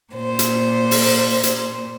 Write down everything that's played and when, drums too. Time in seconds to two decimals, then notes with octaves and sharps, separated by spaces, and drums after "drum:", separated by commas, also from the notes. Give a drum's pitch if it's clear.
0.13 A#2 C5
0.39 drum: hi-hat
0.91 drum: open hi-hat
1.43 drum: hi-hat